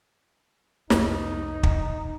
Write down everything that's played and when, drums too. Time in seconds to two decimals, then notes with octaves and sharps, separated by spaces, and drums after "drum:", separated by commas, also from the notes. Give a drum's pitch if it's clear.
0.90 C2 F2 D#4, drum: snare
1.63 drum: kick